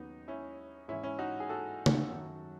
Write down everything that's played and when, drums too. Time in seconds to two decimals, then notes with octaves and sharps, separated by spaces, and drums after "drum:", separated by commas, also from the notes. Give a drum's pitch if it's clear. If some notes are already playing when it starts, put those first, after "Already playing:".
Already playing: D#2 C#3 F#3 B3 D#4
0.28 C#4 E4
0.88 G#2 E3 C#4 E4
1.03 C#4 E4
1.19 D#4 F#4
1.40 G#4
1.49 F#4 A4
1.86 drum: tom
2.11 F#2 D#3 F#3